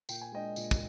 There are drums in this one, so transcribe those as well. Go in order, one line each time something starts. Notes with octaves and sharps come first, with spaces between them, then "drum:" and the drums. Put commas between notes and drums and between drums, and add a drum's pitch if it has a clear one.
A#2 G5, drum: tambourine
G#5
G#3 D4 D#5 G5
A#2, drum: tambourine
drum: kick, tambourine